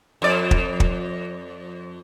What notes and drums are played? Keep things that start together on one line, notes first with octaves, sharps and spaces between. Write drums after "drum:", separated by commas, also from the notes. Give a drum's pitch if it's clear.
F2 D5
drum: kick
drum: kick